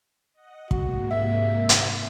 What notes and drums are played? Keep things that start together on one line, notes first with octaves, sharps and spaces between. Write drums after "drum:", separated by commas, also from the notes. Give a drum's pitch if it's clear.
D#5 F#5
G#2 C3 A#3 F#4, drum: kick
E5
drum: hi-hat